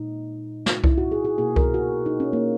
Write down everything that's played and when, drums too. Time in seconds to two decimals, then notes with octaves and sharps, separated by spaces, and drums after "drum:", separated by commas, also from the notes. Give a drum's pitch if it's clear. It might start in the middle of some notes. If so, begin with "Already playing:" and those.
Already playing: A#2 G#3 D#4
0.66 drum: snare
0.84 E4, drum: kick C2
0.98 F#4
1.12 G#4
1.25 G#4
1.38 B2 A#3 G#4
1.56 A#4, drum: kick C2
1.74 F#4
2.06 D#4
2.20 C#4
2.33 A#3